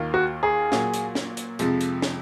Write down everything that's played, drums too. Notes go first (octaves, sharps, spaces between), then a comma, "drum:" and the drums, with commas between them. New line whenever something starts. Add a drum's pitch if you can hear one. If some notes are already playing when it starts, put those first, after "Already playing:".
Already playing: D#2 D#3 A#3 F4 A#4
F#4
G#4
A#2 F#3 A#3, drum: snare
drum: hi-hat
drum: snare
drum: hi-hat
F2 C3 F3 G#3, drum: hi-hat
drum: hi-hat
drum: snare